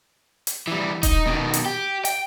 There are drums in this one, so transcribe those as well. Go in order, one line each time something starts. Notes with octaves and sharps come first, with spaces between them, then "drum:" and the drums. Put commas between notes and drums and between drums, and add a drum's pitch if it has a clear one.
drum: hi-hat
E3 G3
D#4, drum: kick D#1, hi-hat
B2 D#3
drum: hi-hat
G4
G5, drum: hi-hat